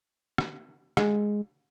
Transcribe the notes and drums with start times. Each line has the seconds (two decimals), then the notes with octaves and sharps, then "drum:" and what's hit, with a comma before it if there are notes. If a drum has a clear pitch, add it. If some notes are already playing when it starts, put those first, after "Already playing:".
0.38 drum: rim click
0.97 G#3, drum: rim click